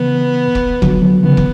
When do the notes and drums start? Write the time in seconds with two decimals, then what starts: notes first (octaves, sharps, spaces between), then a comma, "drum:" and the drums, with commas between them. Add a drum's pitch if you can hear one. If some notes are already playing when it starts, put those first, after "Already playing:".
Already playing: C#3 E3 B3
0.55 drum: kick
0.82 D3 F#3, drum: kick
1.02 D3 F#3
1.23 C#3 E3 B3
1.37 drum: kick